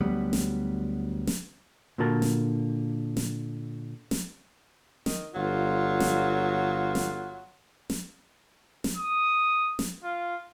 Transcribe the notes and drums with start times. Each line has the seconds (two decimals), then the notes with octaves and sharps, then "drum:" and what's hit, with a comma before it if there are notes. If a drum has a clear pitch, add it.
0.01 D2 F#3 G3 B3
0.33 drum: snare
1.27 drum: snare
1.98 A#2 D3 F#4 A#4 A5
2.22 drum: snare
3.17 drum: snare
4.11 drum: snare
5.06 D#3, drum: snare
5.35 G1 F#3 F4
6.00 drum: snare
6.95 drum: snare
7.90 drum: snare
8.84 drum: snare
8.96 D#6
9.79 drum: snare
10.04 F4